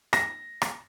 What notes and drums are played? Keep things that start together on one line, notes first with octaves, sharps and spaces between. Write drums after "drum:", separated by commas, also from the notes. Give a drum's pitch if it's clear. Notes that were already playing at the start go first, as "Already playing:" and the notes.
A#6, drum: rim click
drum: rim click